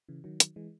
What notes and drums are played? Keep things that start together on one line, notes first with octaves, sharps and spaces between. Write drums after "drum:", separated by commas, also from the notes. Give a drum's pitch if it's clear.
C#3 E3
D#3 F#3
drum: hi-hat
E3 G#3